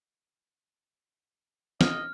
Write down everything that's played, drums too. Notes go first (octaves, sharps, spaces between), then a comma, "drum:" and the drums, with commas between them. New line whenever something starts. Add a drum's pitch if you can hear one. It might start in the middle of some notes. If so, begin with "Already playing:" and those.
D#5 F6, drum: snare